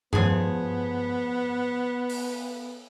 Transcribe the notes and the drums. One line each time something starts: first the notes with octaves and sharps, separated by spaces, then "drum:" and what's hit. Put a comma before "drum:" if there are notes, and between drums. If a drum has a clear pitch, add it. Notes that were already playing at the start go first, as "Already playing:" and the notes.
F3 B3 G#4, drum: tom G2
drum: open hi-hat